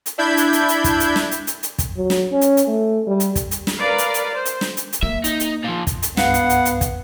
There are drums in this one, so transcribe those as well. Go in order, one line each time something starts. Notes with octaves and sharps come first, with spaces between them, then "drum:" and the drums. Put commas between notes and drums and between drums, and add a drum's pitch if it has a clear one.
drum: hi-hat
D4 E4 B5 G6 G#6
drum: hi-hat
drum: hi-hat
drum: hi-hat
drum: kick, hi-hat
drum: hi-hat
drum: snare
drum: hi-hat
drum: hi-hat
drum: hi-hat
drum: kick, hi-hat
F#3
drum: snare
C#4
drum: hi-hat
drum: hi-hat
A3
G3
drum: hi-hat
drum: kick, hi-hat
drum: hi-hat
drum: snare
A#4 B4 D5 F5
drum: hi-hat
drum: hi-hat
C5
drum: hi-hat
drum: snare
drum: hi-hat
drum: hi-hat
A#3 E5
D#4, drum: hi-hat
drum: hi-hat
A#2 F3
drum: kick, hi-hat
drum: hi-hat
C2 G2 B3 F5 F#5 C7, drum: snare
drum: hi-hat
drum: hi-hat
drum: hi-hat
drum: kick, hi-hat